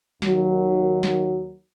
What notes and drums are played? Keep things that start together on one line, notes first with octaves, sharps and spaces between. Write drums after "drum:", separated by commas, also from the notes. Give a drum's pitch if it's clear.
D#2 D#3 F#3, drum: snare
drum: snare